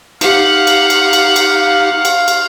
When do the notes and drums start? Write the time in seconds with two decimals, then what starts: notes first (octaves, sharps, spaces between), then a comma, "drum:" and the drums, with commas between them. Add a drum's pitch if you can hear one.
0.21 D#4 G4 F5 F#5, drum: cymbal
0.67 drum: cymbal
0.90 drum: cymbal
1.13 drum: cymbal
1.36 drum: cymbal
2.05 drum: cymbal
2.28 drum: cymbal